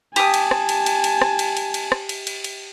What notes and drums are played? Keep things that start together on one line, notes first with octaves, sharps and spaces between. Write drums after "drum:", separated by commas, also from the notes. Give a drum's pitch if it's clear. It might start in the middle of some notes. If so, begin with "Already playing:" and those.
G4 G#5 A5 D#6, drum: cymbal
drum: cymbal
drum: rim click
drum: cymbal
drum: cymbal
drum: cymbal
drum: rim click
drum: cymbal
drum: cymbal
drum: cymbal
drum: rim click
drum: cymbal
drum: cymbal
drum: cymbal